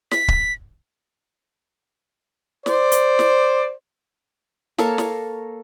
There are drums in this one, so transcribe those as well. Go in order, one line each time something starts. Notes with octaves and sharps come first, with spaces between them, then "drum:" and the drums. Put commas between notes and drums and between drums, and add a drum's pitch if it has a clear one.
B6, drum: snare
drum: kick
C5 D5, drum: snare
drum: hi-hat
drum: snare
A#3 A4 A#4 C#5, drum: snare
drum: snare